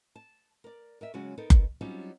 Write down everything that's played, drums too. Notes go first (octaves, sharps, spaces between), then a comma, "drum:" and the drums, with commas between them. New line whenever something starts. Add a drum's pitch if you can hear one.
A5
A#4 D5
A#4 D#5 E5
C#3 F#3 G#3 C#4 F#4
B3 D#4 A4 A#4
drum: kick F#1
F#3 G3 C4 C#4 D#4 F4